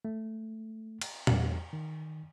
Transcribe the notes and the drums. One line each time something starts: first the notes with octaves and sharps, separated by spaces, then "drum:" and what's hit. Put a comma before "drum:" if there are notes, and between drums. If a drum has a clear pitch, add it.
A3
drum: cymbal
E2, drum: tom A#2
D#3